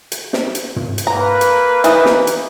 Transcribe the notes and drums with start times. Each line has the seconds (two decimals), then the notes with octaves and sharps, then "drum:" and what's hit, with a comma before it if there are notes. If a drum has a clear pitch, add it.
0.12 drum: hi-hat
0.33 drum: snare
0.55 drum: hi-hat
0.76 drum: tom
0.98 drum: hi-hat
1.07 A#3 B4 A#5
1.41 drum: hi-hat
1.84 E3 D#4, drum: hi-hat
2.06 drum: snare
2.27 drum: hi-hat